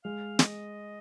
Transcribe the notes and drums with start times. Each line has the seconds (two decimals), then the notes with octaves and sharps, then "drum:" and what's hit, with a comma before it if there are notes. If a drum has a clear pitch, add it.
0.04 G#3 F5
0.39 D#5, drum: snare